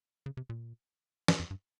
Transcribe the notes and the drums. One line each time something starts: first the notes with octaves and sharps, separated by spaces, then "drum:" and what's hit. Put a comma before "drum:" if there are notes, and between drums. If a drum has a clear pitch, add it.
C#3
C3
A#2
G2, drum: snare
F2
G2